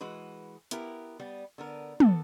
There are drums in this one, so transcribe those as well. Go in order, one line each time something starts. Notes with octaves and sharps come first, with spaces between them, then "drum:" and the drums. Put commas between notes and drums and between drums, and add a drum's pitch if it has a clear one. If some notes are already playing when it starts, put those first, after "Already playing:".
E3 G#3 F#4 B4
B3 E4 G4 A#4, drum: hi-hat
G3 B3
D3 B3 A#4
E3 B3 A4, drum: tom